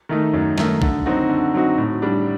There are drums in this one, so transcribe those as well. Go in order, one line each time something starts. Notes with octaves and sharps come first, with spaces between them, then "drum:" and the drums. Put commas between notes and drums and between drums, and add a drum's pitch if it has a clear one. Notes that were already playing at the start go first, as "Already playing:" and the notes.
D#3 A3 D#4
F#2
D#3 A3 D#4, drum: snare
D3, drum: kick
F#3 C4 D#4 F#4
D3
F#3 C4 D#4 F#4
A2
G3 D4